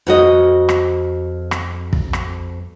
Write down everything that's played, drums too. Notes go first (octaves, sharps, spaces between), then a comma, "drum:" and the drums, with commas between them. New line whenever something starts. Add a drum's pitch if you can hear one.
F2 F#4 D#5
drum: rim click
drum: rim click
drum: kick
drum: rim click